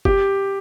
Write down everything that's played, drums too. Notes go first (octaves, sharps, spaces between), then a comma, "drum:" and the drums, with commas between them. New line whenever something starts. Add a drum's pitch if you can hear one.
G4, drum: kick F#1